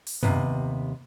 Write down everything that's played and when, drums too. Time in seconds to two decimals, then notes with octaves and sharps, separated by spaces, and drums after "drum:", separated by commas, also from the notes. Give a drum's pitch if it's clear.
0.07 drum: open hi-hat
0.23 D#2 C3 B3, drum: tom F#2